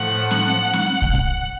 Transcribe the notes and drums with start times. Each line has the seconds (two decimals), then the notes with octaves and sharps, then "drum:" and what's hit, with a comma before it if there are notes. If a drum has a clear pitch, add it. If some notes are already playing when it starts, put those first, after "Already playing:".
Already playing: A2 F3 A3 F#5
0.31 drum: snare
0.73 drum: snare
1.02 drum: kick B1